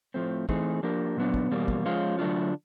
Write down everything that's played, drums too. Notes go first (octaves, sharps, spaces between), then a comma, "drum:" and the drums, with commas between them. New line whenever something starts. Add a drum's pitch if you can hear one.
A2 F3 A3 C4
E3 A3 C4 D#4 G#4, drum: kick
F3 A#3 D4 G4 A#4
A#2 F#3 B3 D4
drum: kick
E2 B2 G3 A#3
drum: kick
F3 G#3 C#4 F4
D3 F#3 A3 D4 F4